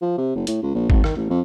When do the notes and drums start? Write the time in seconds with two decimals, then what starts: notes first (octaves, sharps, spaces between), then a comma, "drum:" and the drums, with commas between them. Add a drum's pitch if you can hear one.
0.02 F3
0.18 C3
0.35 F#1
0.47 A2, drum: hi-hat
0.63 C#2
0.75 A#1
0.90 G#1, drum: kick G#1
1.04 D#3, drum: rim click
1.16 A1
1.30 F2